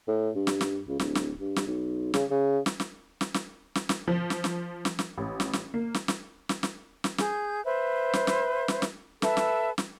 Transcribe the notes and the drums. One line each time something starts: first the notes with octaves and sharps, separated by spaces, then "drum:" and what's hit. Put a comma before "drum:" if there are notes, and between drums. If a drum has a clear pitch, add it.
A2
G2
drum: snare
drum: snare
C#2
D1, drum: snare
drum: snare
G2
drum: snare
B1
C#3, drum: snare
C#3
drum: snare
drum: snare
drum: snare
drum: snare
drum: snare
drum: snare
F3
drum: snare
drum: snare
drum: snare
drum: snare
A1
drum: snare
drum: snare
A#3
drum: snare
drum: snare
drum: snare
drum: snare
drum: snare
G#4 G6, drum: snare
B4 C5 E5
drum: snare
drum: snare
drum: snare
drum: snare
A4 B4 E5, drum: snare
drum: snare
drum: snare